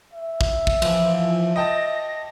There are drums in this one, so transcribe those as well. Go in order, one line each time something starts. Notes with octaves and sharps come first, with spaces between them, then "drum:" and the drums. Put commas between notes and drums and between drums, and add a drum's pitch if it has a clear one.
E5
drum: kick
drum: kick
E3 F3, drum: cymbal
D#5 G5 A5 A#6